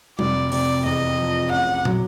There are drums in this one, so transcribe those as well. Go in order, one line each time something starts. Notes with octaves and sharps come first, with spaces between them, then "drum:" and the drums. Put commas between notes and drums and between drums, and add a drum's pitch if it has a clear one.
F1 D5, drum: tom G3
C3 D5, drum: open hi-hat
E2 D#5
F3
A1 F#5
F#3, drum: tom